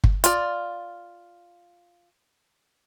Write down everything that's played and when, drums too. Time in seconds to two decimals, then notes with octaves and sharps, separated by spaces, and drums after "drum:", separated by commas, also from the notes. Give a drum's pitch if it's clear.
0.04 drum: kick
0.24 F4 D5, drum: hi-hat